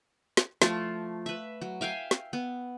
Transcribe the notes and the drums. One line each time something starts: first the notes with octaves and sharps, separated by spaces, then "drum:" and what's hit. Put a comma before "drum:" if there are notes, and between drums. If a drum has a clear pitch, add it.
drum: snare
F3 A3 F4, drum: snare
B4 E5
F#3
E5 F5 G5 G#5
drum: snare
B3